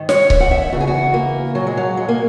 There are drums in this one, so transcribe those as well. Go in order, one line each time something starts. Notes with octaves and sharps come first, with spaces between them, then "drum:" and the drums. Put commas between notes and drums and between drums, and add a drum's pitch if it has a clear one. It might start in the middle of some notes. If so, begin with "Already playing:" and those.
Already playing: G#2 D#3
C#5, drum: snare
E5, drum: kick C#1
F#5
E5
E5
E2 C#3 E3 F#4
G#4
F#4
A#3
A#2 F#3
G#3
F#3
G#3
A#3